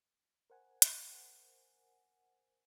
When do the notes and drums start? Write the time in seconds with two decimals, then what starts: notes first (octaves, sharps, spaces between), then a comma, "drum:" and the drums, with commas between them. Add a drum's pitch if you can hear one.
0.50 A#4 C5 F#5 G#5
0.82 drum: hi-hat